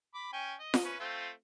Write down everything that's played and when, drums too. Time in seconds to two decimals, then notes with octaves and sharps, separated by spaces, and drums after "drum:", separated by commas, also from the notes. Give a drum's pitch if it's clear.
0.14 B5 D6
0.33 C#4 G5 G#5
0.59 D#5
0.74 drum: snare F4
0.84 C#4 B4
0.99 A3 C4 F4